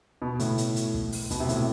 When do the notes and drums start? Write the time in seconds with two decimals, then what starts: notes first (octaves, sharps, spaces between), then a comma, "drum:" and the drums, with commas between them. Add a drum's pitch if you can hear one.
0.22 B2
0.40 A2, drum: hi-hat
0.58 drum: hi-hat
0.76 drum: hi-hat
0.94 drum: kick
1.12 drum: open hi-hat
1.31 B2, drum: kick, hi-hat
1.40 C3
1.49 A2, drum: hi-hat